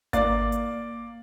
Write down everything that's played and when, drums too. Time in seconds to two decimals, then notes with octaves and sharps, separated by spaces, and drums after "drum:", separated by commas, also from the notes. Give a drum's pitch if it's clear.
0.13 A#3 D5 F5 A6, drum: kick G#1, hi-hat
0.52 drum: hi-hat